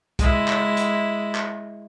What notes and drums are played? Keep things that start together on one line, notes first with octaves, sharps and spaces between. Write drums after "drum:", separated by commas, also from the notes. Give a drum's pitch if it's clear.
G#3 E4, drum: kick, hi-hat
drum: clap
drum: hi-hat
drum: clap